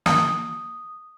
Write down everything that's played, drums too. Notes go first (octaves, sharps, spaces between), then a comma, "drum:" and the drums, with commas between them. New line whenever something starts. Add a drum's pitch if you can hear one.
D#6, drum: snare